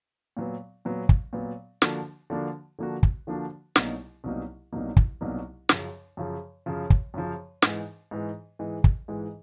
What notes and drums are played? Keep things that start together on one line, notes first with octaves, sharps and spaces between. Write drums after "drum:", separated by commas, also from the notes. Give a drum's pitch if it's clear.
A#2 F#3 B3
A#2 F#3 B3
drum: kick
A#2 F#3 B3
D3 F3 A#3 D4 F#4, drum: snare
D3 F3 A#3 D4 F#4
D3 F3 A#3 D4 F#4
drum: kick
D3 F3 A#3 D4 F#4
C2 B2 F#3 A#3 D#4, drum: snare
C2 B2 F#3 A#3 D#4
C2 B2 F#3 A#3 D#4
drum: kick
C2 B2 F#3 A#3 D#4
F#2 C#3 F3, drum: snare
F#2 C#3 F3
F#2 C#3 F3
drum: kick
F#2 C#3 F3
G#2 E3 G#3, drum: snare
G#2 E3 G#3
G#2 E3 G#3
drum: kick
G#2 E3 G#3